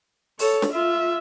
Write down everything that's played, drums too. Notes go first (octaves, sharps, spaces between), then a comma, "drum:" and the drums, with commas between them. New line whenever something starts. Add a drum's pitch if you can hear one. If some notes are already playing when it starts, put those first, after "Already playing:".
A4 C#5, drum: open hi-hat
drum: snare
F4 E5